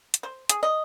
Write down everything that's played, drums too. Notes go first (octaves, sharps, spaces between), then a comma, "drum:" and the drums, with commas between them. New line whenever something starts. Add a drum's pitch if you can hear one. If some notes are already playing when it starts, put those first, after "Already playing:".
drum: hi-hat
C5
G#4, drum: hi-hat
D#5